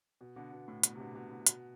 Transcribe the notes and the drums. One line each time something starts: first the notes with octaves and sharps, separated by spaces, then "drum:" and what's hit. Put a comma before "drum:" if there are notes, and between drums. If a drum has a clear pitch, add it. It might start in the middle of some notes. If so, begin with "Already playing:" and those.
B2
B2 D3
B2
A2
B2, drum: hi-hat
C3
B2 D3
B2
A2
B2, drum: hi-hat